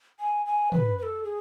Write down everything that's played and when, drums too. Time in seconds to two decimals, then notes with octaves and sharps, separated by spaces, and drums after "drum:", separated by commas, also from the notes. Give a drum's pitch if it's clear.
0.20 G#5
0.46 G#5
0.72 B4, drum: tom
0.98 B4
1.03 A4
1.24 G#4